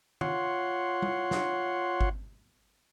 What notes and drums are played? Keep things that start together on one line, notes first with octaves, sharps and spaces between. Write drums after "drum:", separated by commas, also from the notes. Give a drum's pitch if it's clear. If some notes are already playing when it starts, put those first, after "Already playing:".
F4 C#5 F#5 C6, drum: tom D#3
drum: tom G3
drum: snare
drum: kick G1